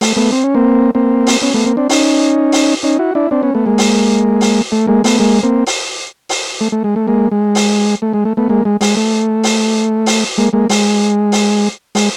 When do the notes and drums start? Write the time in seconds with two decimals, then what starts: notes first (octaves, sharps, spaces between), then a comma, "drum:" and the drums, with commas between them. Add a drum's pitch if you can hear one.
0.01 A3, drum: open hi-hat
0.16 A3 B3
0.32 C4
0.44 C#4
0.55 A#3 C4
0.95 A#3 C4
1.27 drum: open hi-hat
1.42 B3 C#4
1.54 A3 B3
1.65 A#3 C4
1.77 C4 D4
1.90 C#4 D#4, drum: open hi-hat
2.52 drum: open hi-hat
2.83 C#4 D#4
2.99 E4 F#4
3.15 D4 E4
3.31 C4 D4
3.43 B3 C#4
3.55 A3 B3
3.66 G#3 A#3
3.78 drum: open hi-hat
4.41 drum: open hi-hat
4.72 A3
4.87 G#3 A#3
5.04 A3 B3, drum: open hi-hat
5.19 G#3 A#3
5.43 A#3 C4
5.67 drum: open hi-hat
6.29 drum: open hi-hat
6.61 A3
6.72 A3
6.84 G#3
6.96 A3
7.07 G#3 A#3
7.31 G#3
7.55 drum: open hi-hat
8.02 A3
8.13 G#3
8.25 A3
8.37 A3 B3
8.49 G#3 A#3
8.65 G#3
8.81 G#3, drum: open hi-hat
8.97 A3
9.44 drum: open hi-hat
10.06 drum: open hi-hat
10.38 G#3 A#3
10.53 G#3 A#3
10.69 G#3, drum: open hi-hat
11.32 drum: open hi-hat
11.95 G#3, drum: open hi-hat